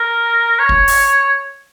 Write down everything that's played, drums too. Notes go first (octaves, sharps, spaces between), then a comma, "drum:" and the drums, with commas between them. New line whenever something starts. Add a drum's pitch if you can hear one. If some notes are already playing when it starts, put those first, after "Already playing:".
Already playing: A#4
C#5
drum: kick
drum: open hi-hat